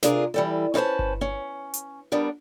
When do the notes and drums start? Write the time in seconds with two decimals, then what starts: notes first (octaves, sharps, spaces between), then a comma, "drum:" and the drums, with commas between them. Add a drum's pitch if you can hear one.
0.03 C3 D4 F4 G#4 A#4, drum: snare
0.34 E3 G3 A4
0.74 C#4 D#4 B4 C5 A5
0.99 drum: kick G1
1.21 C#4
1.74 drum: hi-hat
2.12 G3 B3 D4 A#4